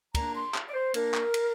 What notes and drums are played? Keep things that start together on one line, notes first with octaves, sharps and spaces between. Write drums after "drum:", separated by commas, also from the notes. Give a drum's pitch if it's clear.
A#2 A#3 D4 A#5, drum: kick, cymbal
C6
drum: clap
D5
C5
A#2 A#3 D4 A#4, drum: cymbal
drum: clap
drum: cymbal